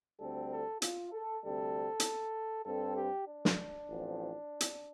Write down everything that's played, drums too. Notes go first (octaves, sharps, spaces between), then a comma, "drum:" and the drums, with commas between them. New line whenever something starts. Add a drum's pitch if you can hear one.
D2 D3 G3 C4 A4
A4
F4, drum: hi-hat
A4
D2 C3 G3 C4 A4
drum: hi-hat
G2 G3 C4 A4
G4
D4
drum: snare
A1 A2 F3 C4
drum: hi-hat